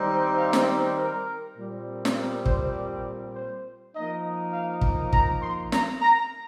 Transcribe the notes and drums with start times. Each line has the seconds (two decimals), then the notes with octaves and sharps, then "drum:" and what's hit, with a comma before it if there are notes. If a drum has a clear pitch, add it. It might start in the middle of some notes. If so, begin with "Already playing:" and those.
Already playing: D#3 G3 C4 D#4
0.38 F5
0.53 drum: snare
0.68 C5
0.98 A#4
1.57 A#2 G3 C4
2.05 drum: snare
2.16 A#4
2.46 C5, drum: kick
3.35 C5
3.94 F3 A#3 D#4 D#5
4.53 F5
4.81 drum: kick
5.13 A#5, drum: kick
5.42 C6
5.72 A#5, drum: snare
6.01 A#5